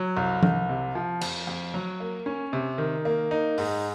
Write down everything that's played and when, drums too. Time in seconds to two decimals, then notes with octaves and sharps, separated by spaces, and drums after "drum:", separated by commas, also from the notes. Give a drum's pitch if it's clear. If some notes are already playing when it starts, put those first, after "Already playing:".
Already playing: F#3
0.17 C2
0.43 C2, drum: tom F3
0.69 C3
0.95 F3
1.21 F2, drum: cymbal
1.47 F2
1.74 F#3
2.00 A#3
2.26 C#4
2.53 C3
2.78 D#3
3.05 A#3
3.31 D#4
3.58 G#2, drum: open hi-hat